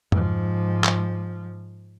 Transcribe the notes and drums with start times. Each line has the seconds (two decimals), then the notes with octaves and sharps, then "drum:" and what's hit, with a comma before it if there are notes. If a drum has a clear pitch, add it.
0.12 G#2 F3, drum: tom F2
0.84 drum: clap